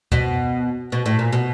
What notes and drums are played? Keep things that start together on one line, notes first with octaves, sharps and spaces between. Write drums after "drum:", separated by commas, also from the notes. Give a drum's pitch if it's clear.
B2, drum: kick D2
B2
A2
A#2
B2